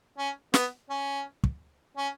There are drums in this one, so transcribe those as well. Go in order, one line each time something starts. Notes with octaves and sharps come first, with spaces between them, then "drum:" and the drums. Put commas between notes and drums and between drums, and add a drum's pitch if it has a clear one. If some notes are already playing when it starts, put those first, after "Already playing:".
C#4
B3, drum: snare
C#4
drum: kick
C#4